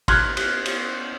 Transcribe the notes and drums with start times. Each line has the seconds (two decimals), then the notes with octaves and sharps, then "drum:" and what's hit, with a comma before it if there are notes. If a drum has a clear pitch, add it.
0.08 C6 F6 F#6 G#6, drum: kick, cymbal
0.37 drum: cymbal
0.66 drum: cymbal